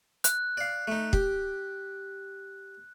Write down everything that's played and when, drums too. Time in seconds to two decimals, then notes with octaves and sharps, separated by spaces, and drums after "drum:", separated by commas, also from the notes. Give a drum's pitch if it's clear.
0.24 F#6, drum: hi-hat
0.57 D5 F5
0.87 A3 D#4
1.13 G4, drum: kick